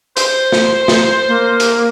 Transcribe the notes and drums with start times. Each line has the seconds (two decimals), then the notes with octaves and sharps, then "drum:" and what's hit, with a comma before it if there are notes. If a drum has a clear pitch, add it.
0.17 C5, drum: hi-hat
0.52 drum: snare
0.88 drum: snare
1.28 A#3
1.60 drum: hi-hat